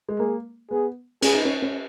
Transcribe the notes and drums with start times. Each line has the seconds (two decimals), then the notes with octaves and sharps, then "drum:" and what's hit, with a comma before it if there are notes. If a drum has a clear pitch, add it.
0.09 G#3
0.19 A#3 G#4
0.71 B3 G#4
1.22 C#4 G#4, drum: cymbal
1.34 D#4
1.45 C#4
1.62 C#4